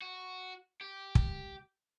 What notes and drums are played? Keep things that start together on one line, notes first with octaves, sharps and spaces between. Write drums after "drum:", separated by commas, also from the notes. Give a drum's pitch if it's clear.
F#4
G4
drum: kick